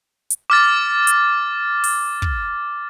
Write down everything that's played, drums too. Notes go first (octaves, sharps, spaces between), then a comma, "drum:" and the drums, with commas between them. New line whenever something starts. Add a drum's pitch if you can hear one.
drum: hi-hat
D6 F6 A6
drum: hi-hat
drum: open hi-hat
drum: kick